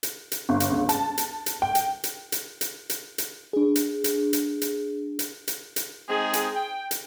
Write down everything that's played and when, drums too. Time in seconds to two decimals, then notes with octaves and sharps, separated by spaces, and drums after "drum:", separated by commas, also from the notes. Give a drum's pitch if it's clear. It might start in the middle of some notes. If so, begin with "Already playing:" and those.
0.03 drum: hi-hat
0.32 drum: hi-hat
0.49 G1
0.60 drum: hi-hat
0.71 C#2
0.89 A5, drum: hi-hat
1.18 drum: hi-hat
1.46 drum: hi-hat
1.62 G5
1.75 drum: hi-hat
2.04 drum: hi-hat
2.32 drum: hi-hat
2.61 drum: hi-hat
2.90 drum: hi-hat
3.18 drum: hi-hat
3.53 D4 G#4
3.76 drum: hi-hat
4.04 drum: hi-hat
4.33 drum: hi-hat
4.62 drum: hi-hat
5.19 drum: hi-hat
5.47 drum: hi-hat
5.76 drum: hi-hat
6.09 G#3 C4 D#4 G#4
6.33 drum: hi-hat
6.55 G5
6.91 drum: hi-hat